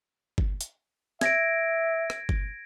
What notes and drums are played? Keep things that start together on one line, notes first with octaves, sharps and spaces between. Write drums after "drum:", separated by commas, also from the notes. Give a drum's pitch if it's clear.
drum: kick G1
drum: hi-hat
E5 G#6 A#6 D7, drum: snare
drum: rim click
drum: kick G1